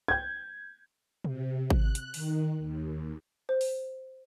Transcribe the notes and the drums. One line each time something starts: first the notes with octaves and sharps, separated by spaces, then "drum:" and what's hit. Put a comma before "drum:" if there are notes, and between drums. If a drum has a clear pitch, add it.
G6 G#6
C3, drum: tom
F#6, drum: kick G#1
drum: hi-hat
D#3, drum: open hi-hat
D#2
C5
drum: open hi-hat